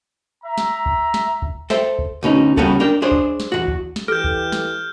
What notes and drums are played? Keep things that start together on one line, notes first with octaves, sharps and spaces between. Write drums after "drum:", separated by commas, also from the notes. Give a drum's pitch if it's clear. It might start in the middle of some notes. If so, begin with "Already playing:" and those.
E5 A#5
drum: snare
drum: kick C#2
drum: snare
drum: kick C#2
A4 C5 E5 G5, drum: snare
drum: kick C#2
D2 B2 C#4 D#4
C#3 G3 B3 C#4 F#4 A4, drum: kick C#2
D4 A#4 G5
D4 G#4 C5 C#5
drum: kick C#2
drum: snare
E2 C3 F#4
drum: kick C#2
drum: snare
E3 G4 A4 F6 G6
drum: kick C#2
drum: snare